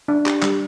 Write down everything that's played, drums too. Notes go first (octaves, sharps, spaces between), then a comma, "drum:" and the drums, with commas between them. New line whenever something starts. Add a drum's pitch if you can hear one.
D4
G4, drum: clap
G3, drum: clap